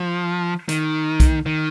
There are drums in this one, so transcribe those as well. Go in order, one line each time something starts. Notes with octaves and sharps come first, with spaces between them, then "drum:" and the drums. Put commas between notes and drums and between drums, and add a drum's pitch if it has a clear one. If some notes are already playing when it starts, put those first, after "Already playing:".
Already playing: F3
D#3, drum: hi-hat
drum: kick B1, hi-hat
D#3